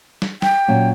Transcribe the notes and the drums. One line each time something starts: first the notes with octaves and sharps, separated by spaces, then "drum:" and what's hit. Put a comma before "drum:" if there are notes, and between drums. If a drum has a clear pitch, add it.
drum: snare
G5, drum: snare
A#2 F#3 C#4